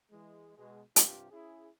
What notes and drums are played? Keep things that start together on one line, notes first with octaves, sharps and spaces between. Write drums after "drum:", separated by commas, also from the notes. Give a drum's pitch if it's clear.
E3 G#3
B2 G#3
G2 C3 F4 G4, drum: hi-hat
C#4 E4 G#4